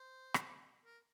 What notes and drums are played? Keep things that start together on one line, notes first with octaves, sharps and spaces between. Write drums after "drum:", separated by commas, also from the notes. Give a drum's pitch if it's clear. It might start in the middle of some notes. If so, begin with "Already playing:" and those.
Already playing: C5
drum: rim click
A#4